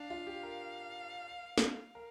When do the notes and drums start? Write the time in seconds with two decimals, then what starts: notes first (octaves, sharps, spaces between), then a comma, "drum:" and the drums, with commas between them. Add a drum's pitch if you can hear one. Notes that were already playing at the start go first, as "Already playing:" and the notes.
Already playing: D4 F5
0.10 F4
0.27 G4
0.43 A#4
1.58 drum: snare
1.95 A#4